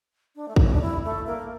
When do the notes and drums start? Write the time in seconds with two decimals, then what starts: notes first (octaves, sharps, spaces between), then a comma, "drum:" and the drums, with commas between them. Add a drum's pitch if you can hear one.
0.36 D4
0.48 A3
0.56 A#3, drum: kick
0.64 C#4
0.74 D4
0.82 E4
1.05 A3
1.26 A#3